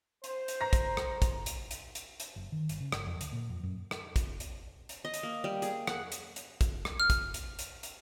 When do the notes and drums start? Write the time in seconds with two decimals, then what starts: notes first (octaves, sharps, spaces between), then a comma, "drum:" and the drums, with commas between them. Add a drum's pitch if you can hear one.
0.24 C5, drum: hi-hat
0.48 drum: hi-hat
0.61 A#5 A#6
0.73 drum: kick, hi-hat
0.97 drum: rim click
1.22 drum: kick, hi-hat
1.46 drum: hi-hat
1.71 drum: hi-hat
1.95 drum: hi-hat
2.20 drum: hi-hat
2.36 F#1
2.52 D#3
2.69 G1, drum: hi-hat
2.81 C#3
2.92 G1, drum: rim click
3.07 F2
3.21 D2, drum: hi-hat
3.33 A#2
3.49 F2
3.63 F#2
3.91 drum: rim click
4.16 drum: kick, hi-hat
4.40 drum: hi-hat
4.89 drum: hi-hat
5.05 D#5
5.14 drum: hi-hat
5.23 A#3
5.44 G3
5.62 G#4, drum: hi-hat
5.87 F#5, drum: rim click
6.12 drum: hi-hat
6.36 drum: hi-hat
6.61 drum: kick, hi-hat
6.85 drum: rim click
7.00 F6
7.10 drum: kick, hi-hat
7.34 drum: hi-hat
7.59 drum: hi-hat
7.83 drum: hi-hat